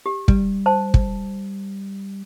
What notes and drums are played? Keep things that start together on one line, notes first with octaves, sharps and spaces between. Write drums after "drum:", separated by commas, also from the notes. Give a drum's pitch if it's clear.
G4
G3, drum: kick
C5 A5
drum: kick